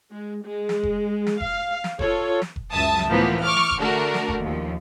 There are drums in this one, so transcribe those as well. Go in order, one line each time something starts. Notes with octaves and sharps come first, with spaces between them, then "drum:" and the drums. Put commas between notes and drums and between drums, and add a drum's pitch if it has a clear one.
G#3
G#3
drum: snare
drum: kick F1
drum: snare
F5, drum: kick F1
drum: snare
F4 A4 C#5, drum: kick F1
drum: snare
drum: kick F1
C#2 F#2 E5 A5 D#6
drum: snare
A2 E3 F3 A#3 B3
C#6 D6 F6
drum: snare
drum: kick F1
D3 A3 D4 F#4 A#4
drum: snare
drum: kick F1
D#2 F3